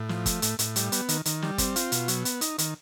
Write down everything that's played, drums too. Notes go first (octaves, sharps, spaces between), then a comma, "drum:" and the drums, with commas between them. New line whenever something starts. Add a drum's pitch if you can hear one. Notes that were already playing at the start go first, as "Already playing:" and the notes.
Already playing: A2
F3, drum: snare
A3, drum: kick, hi-hat
A2, drum: hi-hat
A2, drum: hi-hat
G3, drum: hi-hat
B3, drum: hi-hat
D#3, drum: hi-hat
D#3, drum: hi-hat
G3, drum: snare
C4, drum: kick, hi-hat
F4, drum: hi-hat
B2, drum: hi-hat
F#3, drum: hi-hat
B3, drum: hi-hat
D#4, drum: hi-hat
D#3, drum: hi-hat